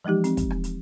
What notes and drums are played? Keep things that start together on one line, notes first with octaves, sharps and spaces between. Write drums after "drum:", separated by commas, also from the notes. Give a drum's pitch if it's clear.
E3 F3 G#3 D#4 G4
C4, drum: hi-hat
drum: kick, hi-hat
drum: rim click
drum: hi-hat